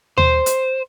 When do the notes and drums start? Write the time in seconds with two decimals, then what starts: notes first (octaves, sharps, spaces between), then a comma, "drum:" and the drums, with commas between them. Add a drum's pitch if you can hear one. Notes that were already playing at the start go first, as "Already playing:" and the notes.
0.18 C5, drum: tom D#2
0.46 drum: hi-hat